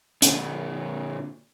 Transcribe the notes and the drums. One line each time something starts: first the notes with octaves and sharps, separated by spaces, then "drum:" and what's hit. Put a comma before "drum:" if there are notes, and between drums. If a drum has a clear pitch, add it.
A#2 D3, drum: hi-hat